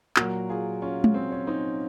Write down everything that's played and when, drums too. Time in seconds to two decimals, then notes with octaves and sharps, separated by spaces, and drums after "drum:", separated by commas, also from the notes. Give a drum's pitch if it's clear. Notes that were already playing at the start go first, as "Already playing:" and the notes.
0.16 A#2 F#3 F#4 A#4, drum: clap
0.49 F4 G#4
0.82 C#4 F4
1.04 drum: tom G#3
1.14 C4
1.32 C#4
1.47 C4 D#4